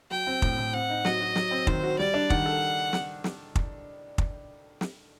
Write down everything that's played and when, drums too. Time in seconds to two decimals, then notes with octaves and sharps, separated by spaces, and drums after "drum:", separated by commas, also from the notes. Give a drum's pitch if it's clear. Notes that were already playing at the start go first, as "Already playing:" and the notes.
0.11 F#3 G5
0.27 C4
0.42 A2, drum: kick
0.58 A2
0.73 C4 F#5
0.90 D#4
1.05 F#3 D#5, drum: snare
1.21 F#4
1.36 F#3, drum: snare
1.51 C4
1.67 D#3 C5, drum: kick
1.83 F#4
1.99 G3 D5
2.14 D4
2.30 D#3 F#5, drum: kick
2.46 A4
2.93 drum: snare
3.24 drum: snare
3.55 drum: kick
4.18 drum: kick
4.81 drum: snare